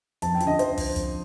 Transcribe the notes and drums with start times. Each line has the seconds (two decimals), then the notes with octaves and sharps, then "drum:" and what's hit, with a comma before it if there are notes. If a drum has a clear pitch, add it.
0.22 F2 A5, drum: hi-hat
0.35 G5
0.40 F3, drum: hi-hat
0.45 D3 D#5
0.59 C5, drum: hi-hat
0.78 drum: kick, open hi-hat
0.96 drum: kick, hi-hat